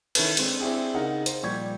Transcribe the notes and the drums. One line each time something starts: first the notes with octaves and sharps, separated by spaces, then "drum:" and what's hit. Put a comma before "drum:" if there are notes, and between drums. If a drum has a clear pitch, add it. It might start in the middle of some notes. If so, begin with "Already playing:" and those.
D#3 C#4 E4 A4 B4, drum: cymbal
G#3 C4 D4, drum: cymbal
C4 D4 E4 G4 G#4
C#3 D#4 A#4 F#5
C5, drum: hi-hat
A#2 F3 G3 C#6 G6 G#6